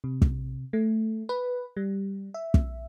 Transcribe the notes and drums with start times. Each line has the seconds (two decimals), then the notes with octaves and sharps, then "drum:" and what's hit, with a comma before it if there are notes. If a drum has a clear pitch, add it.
0.04 C3
0.22 drum: kick
0.73 A3
1.29 B4
1.77 G3
2.34 E5
2.54 drum: kick